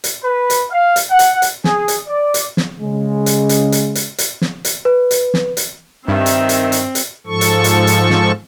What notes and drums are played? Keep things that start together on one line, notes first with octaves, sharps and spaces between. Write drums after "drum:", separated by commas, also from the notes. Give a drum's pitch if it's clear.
drum: hi-hat
B4
drum: hi-hat
F5
drum: hi-hat
F#5
drum: hi-hat
drum: hi-hat
G#4, drum: snare
drum: hi-hat
D5
drum: hi-hat
drum: snare
C#3 G#3
drum: hi-hat
drum: hi-hat
drum: hi-hat
drum: hi-hat
drum: hi-hat
drum: snare
drum: hi-hat
B4
drum: hi-hat
drum: snare
drum: hi-hat
G2 D#3 C4 E5
drum: hi-hat
drum: hi-hat
drum: hi-hat
drum: hi-hat
G#2 F3 A4 C#6
drum: hi-hat
drum: hi-hat
drum: hi-hat
drum: snare